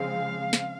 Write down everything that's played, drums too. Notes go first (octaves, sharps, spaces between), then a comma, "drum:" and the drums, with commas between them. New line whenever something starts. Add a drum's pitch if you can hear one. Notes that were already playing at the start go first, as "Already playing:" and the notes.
Already playing: C#3 F3 G#3 C4 F5
drum: snare